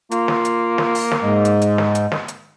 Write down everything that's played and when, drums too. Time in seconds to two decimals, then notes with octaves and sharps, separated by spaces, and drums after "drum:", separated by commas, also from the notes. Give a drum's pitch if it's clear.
0.11 A#3 F4, drum: hi-hat
0.28 drum: snare
0.45 drum: hi-hat
0.78 drum: snare
0.95 drum: open hi-hat
1.11 drum: snare
1.23 G#2 G#3
1.45 drum: hi-hat
1.62 drum: hi-hat
1.78 drum: snare
1.95 drum: hi-hat
2.12 drum: snare
2.28 drum: hi-hat